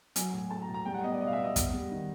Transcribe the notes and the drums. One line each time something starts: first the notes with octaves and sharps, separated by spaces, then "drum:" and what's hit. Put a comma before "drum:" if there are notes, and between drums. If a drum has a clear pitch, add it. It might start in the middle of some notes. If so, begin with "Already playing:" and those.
F#3 G#5, drum: hi-hat
A2 G#5
A3 A5
A#5
A2
A#5
G3 G5
F#5
B3 D#5
D5
B2 D#5
F5
E5
B3
D#5
B3, drum: kick, hi-hat
G3
D#3